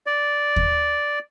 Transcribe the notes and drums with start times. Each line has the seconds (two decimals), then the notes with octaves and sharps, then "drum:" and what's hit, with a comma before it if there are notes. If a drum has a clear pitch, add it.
0.07 D5
0.56 drum: kick D#2